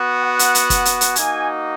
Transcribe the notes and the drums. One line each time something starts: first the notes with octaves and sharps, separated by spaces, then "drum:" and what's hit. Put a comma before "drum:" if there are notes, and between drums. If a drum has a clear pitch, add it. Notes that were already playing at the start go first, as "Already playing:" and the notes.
Already playing: B3 F#4
F#5
drum: hi-hat
drum: hi-hat
drum: kick, hi-hat
drum: hi-hat
drum: hi-hat
A#3 D#4 F#4 G#5, drum: hi-hat